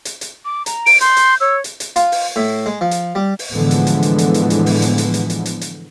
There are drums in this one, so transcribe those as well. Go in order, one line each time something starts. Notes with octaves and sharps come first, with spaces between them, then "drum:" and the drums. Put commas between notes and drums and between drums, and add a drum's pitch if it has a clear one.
drum: hi-hat
drum: hi-hat
D6
A#5, drum: hi-hat
D7, drum: open hi-hat
C6 G6, drum: hi-hat
drum: hi-hat
C#5 E6
drum: hi-hat
drum: hi-hat
F4, drum: hi-hat
drum: open hi-hat
A2
G#3
F3
drum: hi-hat
G3
drum: open hi-hat
A2 D3 E3 F3 G#3 B3
drum: hi-hat
drum: hi-hat
drum: hi-hat
drum: hi-hat
drum: hi-hat
drum: hi-hat
drum: open hi-hat
drum: hi-hat
drum: hi-hat
drum: hi-hat
drum: hi-hat
drum: hi-hat
drum: hi-hat